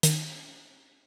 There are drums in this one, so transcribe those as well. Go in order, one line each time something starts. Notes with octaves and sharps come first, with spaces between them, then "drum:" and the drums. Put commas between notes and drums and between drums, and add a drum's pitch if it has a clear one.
D#3, drum: hi-hat